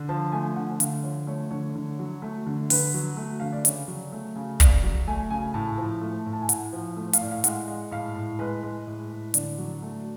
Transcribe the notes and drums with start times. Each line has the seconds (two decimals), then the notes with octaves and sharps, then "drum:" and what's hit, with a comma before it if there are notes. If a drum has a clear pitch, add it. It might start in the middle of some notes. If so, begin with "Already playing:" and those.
Already playing: D3
0.09 F3 A5
0.32 A3 G#5
0.56 D3 F#5
0.80 D3 F5, drum: hi-hat
1.03 F3 C#5
1.27 A3 C#5
1.51 D3 C#5
1.75 D3
1.99 F#3
2.22 A3
2.47 D3
2.70 D3 B4, drum: open hi-hat
2.94 F#3
3.17 A3
3.40 D3 F5
3.53 D5
3.65 C#3 C#5, drum: hi-hat
3.88 F#3
4.13 A3
4.36 C#3
4.60 C#3 D5, drum: kick, hi-hat
4.83 F#3 D5
5.08 A3 G#5
5.30 C#3 G#5
5.54 A2 A5
5.78 F3
6.01 A3
6.26 A2
6.33 A5
6.42 G#5
6.49 A2 F#5, drum: hi-hat
6.73 F3
6.82 F5
6.96 A3
7.13 F5, drum: hi-hat
7.21 A2 D5
7.31 F5
7.44 G#3 F#5, drum: hi-hat
7.68 G#3
7.91 A2 F5
8.16 A2
8.39 G#3 B4
8.63 G#3
8.87 A2
9.11 A2
9.34 D3 D4, drum: hi-hat
9.58 F#3
9.82 A3